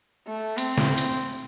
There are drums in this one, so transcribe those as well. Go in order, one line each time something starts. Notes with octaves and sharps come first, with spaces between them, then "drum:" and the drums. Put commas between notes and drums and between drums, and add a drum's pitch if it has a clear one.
A3
C4, drum: hi-hat
drum: snare
drum: hi-hat